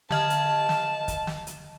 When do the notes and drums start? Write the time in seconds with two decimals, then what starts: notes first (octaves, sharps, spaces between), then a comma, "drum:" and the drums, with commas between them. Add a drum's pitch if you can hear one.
0.11 D3 D#5 A5 F6, drum: snare
0.30 drum: hi-hat
0.69 drum: snare
1.08 drum: kick, hi-hat
1.27 drum: snare
1.47 drum: hi-hat